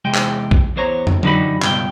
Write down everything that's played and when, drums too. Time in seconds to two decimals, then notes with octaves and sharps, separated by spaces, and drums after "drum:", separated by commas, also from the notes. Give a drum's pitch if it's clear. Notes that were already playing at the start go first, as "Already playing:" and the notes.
0.05 E2 C3 G#3 G5
0.14 drum: clap
0.51 drum: kick A#1
0.76 E2 B3 C5 C#5 A#5
1.07 drum: tom
1.23 F#2 D3 D#4 F#4 G4 B5, drum: tom E3
1.62 C#2 G2 B2 G5, drum: clap